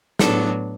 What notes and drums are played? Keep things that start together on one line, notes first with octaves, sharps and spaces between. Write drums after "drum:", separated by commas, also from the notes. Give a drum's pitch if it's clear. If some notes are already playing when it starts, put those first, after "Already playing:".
A2 F#3 B3 D4 A4, drum: snare